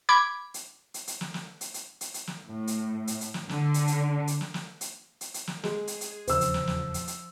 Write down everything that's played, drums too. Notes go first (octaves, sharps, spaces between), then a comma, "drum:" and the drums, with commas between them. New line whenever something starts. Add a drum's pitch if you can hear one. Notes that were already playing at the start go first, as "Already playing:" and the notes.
B5 D6 G#6
drum: hi-hat
drum: hi-hat
drum: hi-hat
drum: snare
drum: snare
drum: hi-hat
drum: hi-hat
drum: hi-hat
drum: hi-hat
drum: snare
A2
drum: hi-hat
drum: hi-hat
drum: hi-hat
drum: snare
D3, drum: snare
drum: hi-hat
drum: hi-hat
drum: hi-hat
drum: snare
drum: snare
drum: hi-hat
drum: hi-hat
drum: hi-hat
drum: snare
G#3 G#4, drum: snare
drum: hi-hat
drum: hi-hat
D#1 E2 C#3 F3 C5 E6, drum: hi-hat
drum: hi-hat
drum: snare
drum: snare
drum: hi-hat
drum: hi-hat